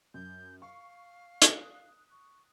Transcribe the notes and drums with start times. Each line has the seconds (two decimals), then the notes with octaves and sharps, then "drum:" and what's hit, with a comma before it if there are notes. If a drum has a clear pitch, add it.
0.14 F#2 G6
0.62 F5 C#6
1.42 D#6 F#6, drum: hi-hat
2.11 C#6